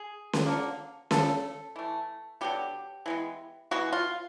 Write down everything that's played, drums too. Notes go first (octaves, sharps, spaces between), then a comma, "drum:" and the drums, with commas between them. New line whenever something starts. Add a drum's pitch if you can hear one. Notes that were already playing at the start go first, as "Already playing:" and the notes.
Already playing: G#4
drum: snare C#4
D3 F3 A#3
C#3 F3 A3 A4, drum: snare C#4
E3 A3
D3 F#3 B3 G4
E3 G#3 B3
E3 G#3 B3 F#4
F4